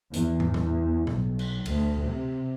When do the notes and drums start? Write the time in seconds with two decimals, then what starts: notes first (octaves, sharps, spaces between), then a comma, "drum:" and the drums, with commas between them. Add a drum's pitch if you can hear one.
0.14 E2, drum: hi-hat
0.40 drum: tom
0.54 drum: tom A2
1.07 B1, drum: tom A2
1.39 drum: cymbal
1.66 D2, drum: cymbal
2.04 C3